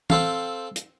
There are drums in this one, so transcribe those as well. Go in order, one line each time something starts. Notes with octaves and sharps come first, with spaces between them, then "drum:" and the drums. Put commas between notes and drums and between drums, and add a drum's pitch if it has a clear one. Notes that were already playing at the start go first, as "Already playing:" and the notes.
C4 A4 F5, drum: tom
drum: hi-hat